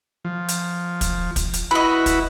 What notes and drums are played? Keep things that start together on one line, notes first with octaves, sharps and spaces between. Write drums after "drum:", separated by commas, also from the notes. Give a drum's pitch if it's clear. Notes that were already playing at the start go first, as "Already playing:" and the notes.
F3
drum: hi-hat
drum: kick, hi-hat
drum: kick, hi-hat
drum: hi-hat
E4 F#4 B4 D#5 B5
drum: kick, hi-hat